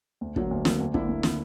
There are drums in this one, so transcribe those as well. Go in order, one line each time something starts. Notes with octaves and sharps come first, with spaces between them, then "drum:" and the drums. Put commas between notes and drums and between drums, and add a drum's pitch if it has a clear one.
D2
D3 F#3 A#3, drum: kick
D2
D3 F#3 A#3, drum: snare
D2
D3 A#3 E4, drum: kick
D2
D3 A#3 E4, drum: snare